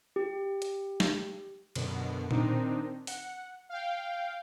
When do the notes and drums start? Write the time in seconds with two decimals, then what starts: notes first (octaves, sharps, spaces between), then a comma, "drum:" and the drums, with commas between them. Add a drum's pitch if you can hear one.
0.16 G4
0.62 drum: hi-hat
1.00 drum: snare
1.75 F#2 B2 D3, drum: cymbal
2.31 D#3 C4 D4 D#4, drum: tom A#2
3.07 F#5, drum: open hi-hat
3.69 F5 G5